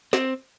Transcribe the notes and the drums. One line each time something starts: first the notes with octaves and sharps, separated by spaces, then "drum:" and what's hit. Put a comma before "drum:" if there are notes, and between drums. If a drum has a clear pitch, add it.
C4, drum: snare